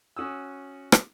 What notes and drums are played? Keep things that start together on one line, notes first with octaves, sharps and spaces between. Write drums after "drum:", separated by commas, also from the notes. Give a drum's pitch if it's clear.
C#4 F#4 D#6 E6
drum: rim click